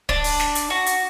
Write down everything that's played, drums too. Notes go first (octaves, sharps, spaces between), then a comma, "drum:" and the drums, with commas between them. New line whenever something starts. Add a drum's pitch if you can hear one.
D4, drum: kick
drum: open hi-hat
drum: snare
drum: hi-hat
F#4
drum: hi-hat